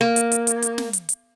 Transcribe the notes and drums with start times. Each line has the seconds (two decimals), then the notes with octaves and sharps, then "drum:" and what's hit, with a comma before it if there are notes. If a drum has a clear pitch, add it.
0.01 A#3
0.16 drum: hi-hat
0.32 drum: hi-hat
0.47 drum: hi-hat
0.62 drum: hi-hat
0.78 drum: snare
0.93 drum: hi-hat
1.09 drum: hi-hat